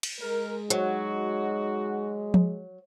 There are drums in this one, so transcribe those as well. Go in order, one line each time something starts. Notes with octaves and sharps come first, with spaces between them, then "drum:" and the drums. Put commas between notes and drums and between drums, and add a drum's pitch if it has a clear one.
drum: cymbal
G#3 A#4
F#3 D#4 F#4, drum: hi-hat
drum: tom F3